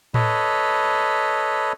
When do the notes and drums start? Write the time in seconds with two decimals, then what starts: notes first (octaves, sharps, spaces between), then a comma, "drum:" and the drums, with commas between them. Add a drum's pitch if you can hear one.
0.14 A4 B4 C#5 D#5 B5, drum: tom A2